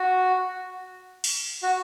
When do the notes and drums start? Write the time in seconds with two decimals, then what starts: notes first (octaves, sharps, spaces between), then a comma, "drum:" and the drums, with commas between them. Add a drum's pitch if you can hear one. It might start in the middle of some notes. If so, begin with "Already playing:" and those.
Already playing: F#4
1.24 drum: open hi-hat
1.63 F#4